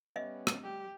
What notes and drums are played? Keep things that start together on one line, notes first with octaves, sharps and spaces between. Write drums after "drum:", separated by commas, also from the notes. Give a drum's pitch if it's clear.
G3 B3 C#4 D#5 E5
drum: rim click
G3 G4